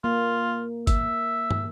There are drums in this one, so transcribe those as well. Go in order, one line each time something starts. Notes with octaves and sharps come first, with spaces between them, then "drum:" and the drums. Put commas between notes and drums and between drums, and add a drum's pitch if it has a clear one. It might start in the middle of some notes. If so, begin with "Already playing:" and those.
A#3 F4
E5, drum: kick, hi-hat
drum: tom